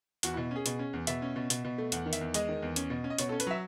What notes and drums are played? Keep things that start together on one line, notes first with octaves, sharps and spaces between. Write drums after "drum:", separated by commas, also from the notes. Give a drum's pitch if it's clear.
E2 F#4, drum: hi-hat
B2 E4
C#4 G#4
B2, drum: hi-hat
C#4
E2
B2 E5, drum: hi-hat
C#4
B2
B2, drum: hi-hat
B2
A3
E2 F#5, drum: hi-hat
D#3
E5, drum: hi-hat
E2
G#3 D#5, drum: hi-hat
D#3
E2
C#4, drum: hi-hat
B2
C#4
D#5
B2 C#5, drum: hi-hat
C#4 A4
B4, drum: hi-hat
F#3 E5